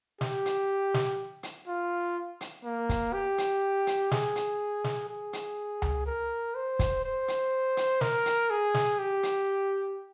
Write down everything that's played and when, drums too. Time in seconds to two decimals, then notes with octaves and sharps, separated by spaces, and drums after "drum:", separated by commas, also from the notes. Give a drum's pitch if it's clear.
0.21 G4, drum: snare
0.46 drum: hi-hat
0.94 drum: snare
1.43 drum: hi-hat
1.68 F4
2.41 drum: hi-hat
2.64 A#3
2.89 drum: kick, hi-hat
3.14 G4
3.38 drum: hi-hat
3.87 drum: hi-hat
4.11 G#4, drum: snare
4.36 drum: hi-hat
4.84 drum: snare
5.09 G#4
5.33 drum: hi-hat
5.82 drum: tom C#2
6.06 A#4
6.55 C5
6.79 drum: kick, hi-hat
7.04 C5
7.28 drum: hi-hat
7.77 drum: hi-hat
8.01 A#4, drum: snare
8.26 drum: hi-hat
8.50 G#4
8.74 drum: snare
8.99 G4
9.23 drum: hi-hat